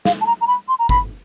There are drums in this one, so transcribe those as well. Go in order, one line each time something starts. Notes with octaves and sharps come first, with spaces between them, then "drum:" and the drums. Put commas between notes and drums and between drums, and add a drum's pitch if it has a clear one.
F5, drum: snare
A5
A#5
A#5
B5
C6
A#5
B5, drum: kick G1